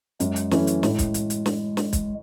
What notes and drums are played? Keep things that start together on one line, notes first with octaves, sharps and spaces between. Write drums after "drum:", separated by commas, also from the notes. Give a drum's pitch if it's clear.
F#2 G#3, drum: hi-hat
drum: hi-hat
E3 F#3 A3 C#4, drum: snare
drum: hi-hat
A2 G#3, drum: snare
drum: kick, hi-hat
drum: hi-hat
drum: hi-hat
drum: snare
drum: snare
drum: kick, hi-hat